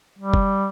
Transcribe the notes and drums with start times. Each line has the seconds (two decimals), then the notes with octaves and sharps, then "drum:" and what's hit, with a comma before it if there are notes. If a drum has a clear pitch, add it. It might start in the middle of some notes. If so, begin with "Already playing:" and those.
0.18 G3
0.34 drum: kick F#1